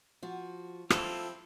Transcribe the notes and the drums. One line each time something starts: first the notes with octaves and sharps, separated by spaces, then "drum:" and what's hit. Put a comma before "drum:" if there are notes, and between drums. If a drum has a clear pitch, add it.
F3 F#4
F3 C4 E4 F4 A4, drum: rim click